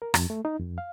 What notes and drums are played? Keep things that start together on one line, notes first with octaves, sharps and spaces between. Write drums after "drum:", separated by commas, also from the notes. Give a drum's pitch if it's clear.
A#4
F2, drum: rim click
A3
D#4
F2
F5